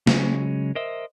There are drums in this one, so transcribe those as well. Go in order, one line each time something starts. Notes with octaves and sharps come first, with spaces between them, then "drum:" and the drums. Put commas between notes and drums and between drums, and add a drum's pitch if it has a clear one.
C#3 F#3 G#3 C#4, drum: snare
A#4 C5 D#5 E5